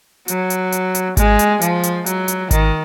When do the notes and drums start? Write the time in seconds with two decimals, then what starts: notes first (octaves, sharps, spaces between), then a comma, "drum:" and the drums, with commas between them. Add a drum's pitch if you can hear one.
0.28 F#3, drum: hi-hat
0.50 drum: hi-hat
0.72 drum: hi-hat
0.95 drum: hi-hat
1.17 G#3, drum: kick G#1, hi-hat
1.39 drum: hi-hat
1.61 F3, drum: hi-hat
1.83 drum: hi-hat
2.06 F#3, drum: hi-hat
2.28 drum: hi-hat
2.51 D#3, drum: kick G#1, hi-hat